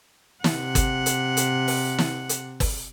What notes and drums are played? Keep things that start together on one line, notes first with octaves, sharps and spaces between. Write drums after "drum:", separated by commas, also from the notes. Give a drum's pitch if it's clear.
C3 F#5, drum: snare
drum: kick, hi-hat
drum: hi-hat
drum: hi-hat
drum: open hi-hat
drum: snare
drum: hi-hat
drum: kick, open hi-hat